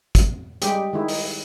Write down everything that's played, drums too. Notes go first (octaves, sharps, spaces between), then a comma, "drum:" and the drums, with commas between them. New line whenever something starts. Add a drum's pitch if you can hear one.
drum: kick, hi-hat
G3 G#3 G4, drum: hi-hat
D#3 G#3 E4
drum: open hi-hat